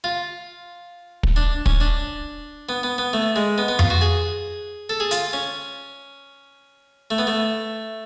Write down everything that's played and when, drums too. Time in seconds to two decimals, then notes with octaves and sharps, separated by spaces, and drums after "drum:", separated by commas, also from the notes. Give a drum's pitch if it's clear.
0.04 F4
1.23 drum: kick
1.36 D4
1.66 C#4, drum: kick
1.81 D4
2.69 B3
2.83 B3
2.98 B3
3.13 A3
3.36 G#3
3.58 B3
3.68 B3
3.79 F4, drum: tom F2
3.90 F#4
4.01 G#4
4.89 A4
5.00 G#4
5.11 F4, drum: hi-hat
5.33 C#4
7.11 A3
7.18 B3
7.27 A3